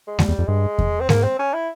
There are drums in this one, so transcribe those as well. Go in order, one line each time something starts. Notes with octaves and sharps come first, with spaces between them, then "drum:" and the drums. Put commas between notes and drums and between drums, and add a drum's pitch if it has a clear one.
G#3
F2 G3, drum: snare G#3
E2
F2
G2 G#3
drum: kick E2
C4
G#2 A#3, drum: snare G#3
C4
C#4
E4